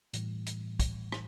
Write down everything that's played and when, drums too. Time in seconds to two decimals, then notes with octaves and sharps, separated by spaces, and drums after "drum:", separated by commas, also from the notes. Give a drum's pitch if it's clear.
0.13 A2 E3 G3, drum: hi-hat
0.47 drum: hi-hat
0.79 drum: kick, hi-hat
1.12 drum: rim click